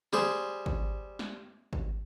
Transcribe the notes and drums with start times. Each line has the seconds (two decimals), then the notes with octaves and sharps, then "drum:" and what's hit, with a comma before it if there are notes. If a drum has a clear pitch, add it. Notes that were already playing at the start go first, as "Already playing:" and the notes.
0.13 G3 G#4 C5, drum: snare
0.66 drum: kick G#1
1.19 drum: snare
1.73 drum: kick G#1